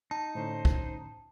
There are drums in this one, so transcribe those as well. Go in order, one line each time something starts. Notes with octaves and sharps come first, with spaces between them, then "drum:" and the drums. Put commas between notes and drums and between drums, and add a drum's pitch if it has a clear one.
D#4 A5
A2 D3 C#4 C5
drum: kick